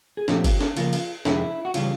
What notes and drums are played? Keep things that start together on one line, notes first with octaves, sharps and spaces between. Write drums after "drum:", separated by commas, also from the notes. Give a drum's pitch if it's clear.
G#4
A#2 F3 A3 C4 F4 G4, drum: snare
drum: kick, cymbal
drum: snare
C#3 F3 A#3 F4, drum: cymbal
drum: cymbal
F2 C3 D#3 G#3 C4 E4, drum: snare
F#4
C#3 E3 G3 F4, drum: cymbal